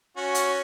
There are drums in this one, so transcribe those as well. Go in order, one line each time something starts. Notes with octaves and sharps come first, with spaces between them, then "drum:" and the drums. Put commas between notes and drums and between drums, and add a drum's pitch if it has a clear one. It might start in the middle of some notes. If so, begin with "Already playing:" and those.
C#4 F#4
drum: hi-hat